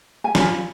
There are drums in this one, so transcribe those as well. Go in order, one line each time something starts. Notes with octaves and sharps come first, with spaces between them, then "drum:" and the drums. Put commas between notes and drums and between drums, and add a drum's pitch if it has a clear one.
G#5
F4 B5, drum: snare